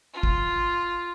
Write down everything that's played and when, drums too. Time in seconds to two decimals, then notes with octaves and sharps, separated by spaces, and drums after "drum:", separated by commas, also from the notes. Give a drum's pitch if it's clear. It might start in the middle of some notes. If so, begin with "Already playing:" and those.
0.13 F4
0.23 drum: kick